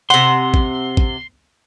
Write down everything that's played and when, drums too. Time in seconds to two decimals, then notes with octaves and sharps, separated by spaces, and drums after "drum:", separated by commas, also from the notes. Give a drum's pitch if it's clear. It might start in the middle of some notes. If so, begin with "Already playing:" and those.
0.10 C3 F#5 C6
0.54 drum: kick A1
0.97 drum: kick A1